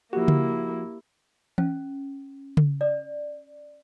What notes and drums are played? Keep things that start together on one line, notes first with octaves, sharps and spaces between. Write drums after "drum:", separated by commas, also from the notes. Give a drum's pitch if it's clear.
F3 A#3 E4 F#4 G4
drum: tom C#3
C#4, drum: tom E3
drum: tom C#3
D5